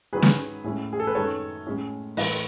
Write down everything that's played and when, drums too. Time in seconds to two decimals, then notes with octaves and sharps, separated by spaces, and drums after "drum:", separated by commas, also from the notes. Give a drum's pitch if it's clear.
0.13 G#2 D#3 F#3 C#4 E4 G#4 B4
0.22 drum: snare
0.64 A2 G#3 C#4 E4
0.93 G#4
1.00 A4
1.07 B4
1.14 F#2 D#3 G#3 A4 C#5
1.66 A2 G#3 C#4 E4
2.17 A2 E3 A3 B4 D#5, drum: open hi-hat